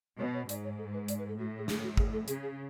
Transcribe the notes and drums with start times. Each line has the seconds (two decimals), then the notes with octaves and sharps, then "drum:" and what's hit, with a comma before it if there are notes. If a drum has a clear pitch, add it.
0.19 B2 C#5
0.34 C#5
0.49 G#2 D5, drum: hi-hat
0.64 C#5
0.78 A4
0.93 B4
1.08 D5, drum: hi-hat
1.19 B4
1.28 A4
1.38 A2 F#4
1.58 G#4
1.68 G#4, drum: snare
1.83 F#4
1.97 G#4, drum: kick
2.13 A4
2.28 C#3 G#4, drum: hi-hat
2.43 G#4